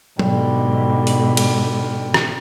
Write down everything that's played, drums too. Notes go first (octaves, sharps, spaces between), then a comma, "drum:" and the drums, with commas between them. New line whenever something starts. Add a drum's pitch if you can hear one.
G#2 B2 D3 G3, drum: tom F#3
drum: open hi-hat
drum: cymbal
drum: rim click